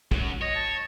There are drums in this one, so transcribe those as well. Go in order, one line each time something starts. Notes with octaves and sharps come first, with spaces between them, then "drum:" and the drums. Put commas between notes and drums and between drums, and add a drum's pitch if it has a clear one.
F#2 F#3, drum: kick
C#5 D#5
A5